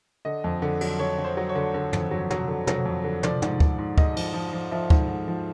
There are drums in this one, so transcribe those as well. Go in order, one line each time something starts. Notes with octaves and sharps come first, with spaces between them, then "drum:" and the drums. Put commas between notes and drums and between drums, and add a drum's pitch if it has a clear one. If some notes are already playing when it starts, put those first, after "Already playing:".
D3 D#5
F2
D3
F#3, drum: cymbal
D3 C#5
D3
C5
F#3
C#5
D3
D3
F2, drum: tom
F#3
F#3, drum: tom
D3
F#3, drum: tom
F2
D3
F3 D5, drum: tom
G#2, drum: tom
G#2, drum: kick D2
G#2
G#2 D#5, drum: kick D2
F3, drum: cymbal
F3
F3
F3 E5
G#2, drum: kick D2
G#2
F3